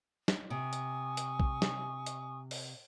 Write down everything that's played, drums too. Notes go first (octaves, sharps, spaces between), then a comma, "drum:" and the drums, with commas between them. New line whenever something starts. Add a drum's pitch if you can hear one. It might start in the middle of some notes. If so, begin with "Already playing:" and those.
drum: snare
C3 G#5 C#6 D#6
drum: hi-hat
drum: hi-hat
drum: kick
drum: snare
drum: hi-hat
drum: open hi-hat